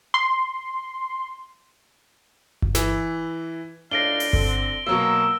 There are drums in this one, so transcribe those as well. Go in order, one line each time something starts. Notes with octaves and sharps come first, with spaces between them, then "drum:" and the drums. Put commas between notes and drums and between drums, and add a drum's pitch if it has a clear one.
C6
drum: kick G1
E3, drum: snare
C#2 A2 D4 F5 A#6 D7 G7
drum: open hi-hat
D3 C4, drum: kick G1
B2 F#3 A#3 E6